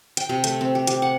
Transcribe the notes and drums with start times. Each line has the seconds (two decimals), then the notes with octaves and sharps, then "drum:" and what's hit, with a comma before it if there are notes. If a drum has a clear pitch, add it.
0.17 G5, drum: hi-hat
0.29 C3
0.44 A3, drum: hi-hat
0.61 C4
0.75 G4
0.87 G4, drum: hi-hat
1.02 F#5